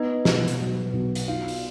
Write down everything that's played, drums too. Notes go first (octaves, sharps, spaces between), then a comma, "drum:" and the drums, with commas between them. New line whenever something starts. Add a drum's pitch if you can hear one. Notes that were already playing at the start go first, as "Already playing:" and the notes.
Already playing: B3 D#4 D#5
B2, drum: snare
drum: hi-hat
F#3
B1
drum: hi-hat
D#4 F4 F5
drum: open hi-hat